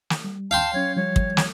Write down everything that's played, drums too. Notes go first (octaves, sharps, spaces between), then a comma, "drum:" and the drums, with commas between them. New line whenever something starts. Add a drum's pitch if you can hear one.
drum: snare
G3
F5 G5 A5 C6
F#3 C#4 C#5
F3 G3 C#5
drum: kick
drum: snare